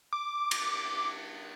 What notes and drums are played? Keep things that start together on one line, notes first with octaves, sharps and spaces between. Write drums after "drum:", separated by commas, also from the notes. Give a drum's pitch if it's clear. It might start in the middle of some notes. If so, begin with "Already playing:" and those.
D6
drum: cymbal